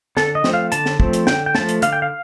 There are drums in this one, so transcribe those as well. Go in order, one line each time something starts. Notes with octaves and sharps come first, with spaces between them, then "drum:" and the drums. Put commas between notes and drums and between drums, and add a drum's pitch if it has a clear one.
D3 A4, drum: snare
D#5
F3 A3 C4, drum: snare
F5
D3 A5, drum: hi-hat
drum: snare
F3 A3 C4, drum: kick
drum: hi-hat
D3 G5, drum: snare
G5
F3 A3 A5, drum: snare
drum: hi-hat
D3 F5, drum: hi-hat
G5
F5